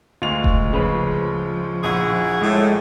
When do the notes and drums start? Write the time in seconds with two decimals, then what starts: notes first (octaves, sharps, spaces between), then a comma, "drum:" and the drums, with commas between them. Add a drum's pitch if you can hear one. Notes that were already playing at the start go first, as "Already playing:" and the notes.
0.22 D2 G#3 F4 F7
0.44 drum: kick E1
0.73 C#3 F3 B4
1.84 A#1 E4 F#4 G#4
2.41 A2 G#3